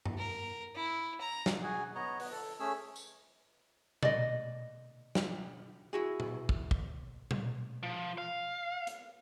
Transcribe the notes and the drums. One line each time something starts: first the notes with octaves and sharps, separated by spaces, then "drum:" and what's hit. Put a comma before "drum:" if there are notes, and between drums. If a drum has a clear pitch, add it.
drum: tom G2
A#4
E4
A#5
drum: snare
F#4 G#4 G#5
B3 C#5 D#5 A#5
B3 B4, drum: open hi-hat
A4
A3 C#4 G#4 E6
drum: tambourine
D5 D#5, drum: tom A#2
drum: snare
E4 F#4 G#4
drum: tom A#2
drum: kick
drum: kick
drum: tom A#2
F3
F5
drum: hi-hat